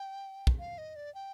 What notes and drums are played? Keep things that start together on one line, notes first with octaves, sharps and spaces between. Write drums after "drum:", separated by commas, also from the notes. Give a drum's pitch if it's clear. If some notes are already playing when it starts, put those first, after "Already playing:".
Already playing: G5
drum: kick
F5
D#5
D5
G5